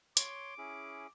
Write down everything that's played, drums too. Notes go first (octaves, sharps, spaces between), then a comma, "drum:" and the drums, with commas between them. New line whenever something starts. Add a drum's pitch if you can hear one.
C#5 C6 D6, drum: hi-hat
C#4 E4 G#4